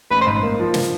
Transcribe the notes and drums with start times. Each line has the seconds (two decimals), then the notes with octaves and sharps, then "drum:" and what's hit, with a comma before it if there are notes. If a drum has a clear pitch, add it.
0.10 A1 B4
0.21 C5
0.27 G#2
0.43 A#3
0.60 F3
0.74 drum: snare